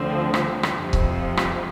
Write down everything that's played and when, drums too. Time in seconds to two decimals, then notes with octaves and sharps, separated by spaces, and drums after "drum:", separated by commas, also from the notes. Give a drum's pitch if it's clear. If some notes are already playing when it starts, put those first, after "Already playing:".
Already playing: D2 D3 F3 C4
0.34 drum: rim click
0.63 drum: rim click
0.78 F2 C3 F3
0.93 drum: kick C#1
1.37 drum: rim click